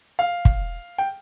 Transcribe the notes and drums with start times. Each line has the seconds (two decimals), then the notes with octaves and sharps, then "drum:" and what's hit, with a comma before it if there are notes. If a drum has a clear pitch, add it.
0.19 F5
0.45 drum: kick
0.98 G5